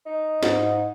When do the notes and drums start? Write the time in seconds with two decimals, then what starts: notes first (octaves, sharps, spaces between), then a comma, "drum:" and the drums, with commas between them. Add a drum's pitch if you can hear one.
0.06 D#4
0.43 G#2, drum: snare